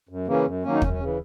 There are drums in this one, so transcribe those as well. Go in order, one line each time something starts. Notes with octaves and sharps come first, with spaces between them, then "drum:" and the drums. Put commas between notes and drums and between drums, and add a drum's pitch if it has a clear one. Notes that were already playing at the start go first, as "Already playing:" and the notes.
F#2
C#3 E3 A#3 C#4
F#2
D#3 F#3 A#3 C#4
D#4
F#2 C#4, drum: kick
C#4
C#3 E3